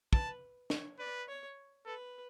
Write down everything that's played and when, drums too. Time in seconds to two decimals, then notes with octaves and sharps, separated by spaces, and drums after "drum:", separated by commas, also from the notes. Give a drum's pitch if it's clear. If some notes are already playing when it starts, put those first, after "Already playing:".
0.13 B4 A5, drum: kick
0.70 C#5, drum: snare
0.99 B4 D5
1.28 C#5
1.86 A4 B4